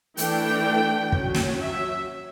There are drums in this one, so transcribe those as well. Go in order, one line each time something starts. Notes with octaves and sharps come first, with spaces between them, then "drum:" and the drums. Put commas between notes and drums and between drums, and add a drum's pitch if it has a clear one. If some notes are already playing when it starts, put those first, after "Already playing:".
E3 A3 D4 G5, drum: hi-hat
F#3 C#4, drum: kick
drum: snare
E5